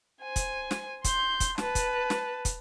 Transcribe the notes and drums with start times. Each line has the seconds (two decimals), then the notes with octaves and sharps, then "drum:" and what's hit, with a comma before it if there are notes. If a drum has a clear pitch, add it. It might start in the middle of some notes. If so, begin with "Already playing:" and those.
0.23 C5 G#5
0.36 drum: kick, hi-hat
0.71 drum: snare
1.04 C6 G6, drum: kick, hi-hat
1.40 drum: kick, hi-hat
1.58 B4 A5, drum: snare
1.75 drum: kick, hi-hat
2.10 drum: snare
2.45 drum: kick, hi-hat